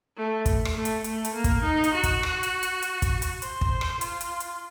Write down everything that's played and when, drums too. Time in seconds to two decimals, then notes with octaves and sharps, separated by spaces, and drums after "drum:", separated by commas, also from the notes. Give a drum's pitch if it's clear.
0.16 A3
0.46 drum: kick, hi-hat
0.65 drum: rim click
0.75 A3
0.85 drum: hi-hat
1.04 A3, drum: hi-hat
1.25 drum: hi-hat
1.35 A#3
1.44 drum: kick, hi-hat
1.64 D#4
1.84 drum: hi-hat
1.94 F#4
2.03 drum: kick, hi-hat
2.23 drum: rim click
2.43 drum: hi-hat
2.63 drum: hi-hat
2.82 drum: hi-hat
3.02 drum: kick, hi-hat
3.22 drum: hi-hat
3.42 C5, drum: hi-hat
3.61 drum: kick
3.72 C5
3.81 drum: rim click
4.01 F4, drum: hi-hat
4.21 drum: hi-hat
4.40 drum: hi-hat